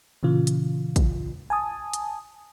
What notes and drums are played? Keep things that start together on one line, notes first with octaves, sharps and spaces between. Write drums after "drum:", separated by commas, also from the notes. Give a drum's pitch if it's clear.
A#2 C#3 E3 F4
drum: hi-hat
drum: kick, hi-hat
G#5 A5 D#6
drum: hi-hat